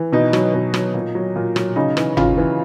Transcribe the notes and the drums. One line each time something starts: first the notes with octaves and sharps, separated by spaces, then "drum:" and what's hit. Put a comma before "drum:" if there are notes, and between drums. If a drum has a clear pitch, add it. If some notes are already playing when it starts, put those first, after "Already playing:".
Already playing: E3
B2 D#4
F#3, drum: rim click
B2
F#3, drum: rim click
A#2
F#3
A#2
F#3, drum: rim click
C#3 D#4
E3, drum: rim click
C#3 F4, drum: tom G1
E3